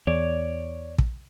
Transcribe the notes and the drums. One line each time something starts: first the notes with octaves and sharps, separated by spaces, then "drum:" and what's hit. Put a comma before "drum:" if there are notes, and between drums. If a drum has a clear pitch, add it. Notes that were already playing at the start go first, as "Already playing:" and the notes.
E2 C#5 D5
drum: kick